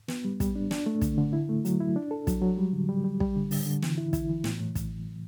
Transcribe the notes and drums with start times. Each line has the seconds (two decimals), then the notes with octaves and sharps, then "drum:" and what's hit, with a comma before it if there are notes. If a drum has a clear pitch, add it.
0.08 B3, drum: snare
0.25 G3
0.40 G3, drum: kick, hi-hat
0.55 D4
0.71 D4, drum: snare
0.86 A3
1.01 D3, drum: kick, hi-hat
1.18 D3
1.33 E4
1.49 A3
1.65 F#3, drum: hi-hat
1.80 E4
1.96 D4
2.11 A4
2.27 F#3, drum: kick, hi-hat
2.42 F#3
2.58 G3
2.73 D3
2.89 G3
3.04 G3
3.20 G3, drum: kick
3.36 D3
3.51 D3, drum: open hi-hat
3.66 D3
3.82 E3, drum: snare
3.98 E4
4.13 E4, drum: kick, hi-hat
4.29 E3
4.44 A2, drum: snare
4.59 A2
4.75 drum: kick, hi-hat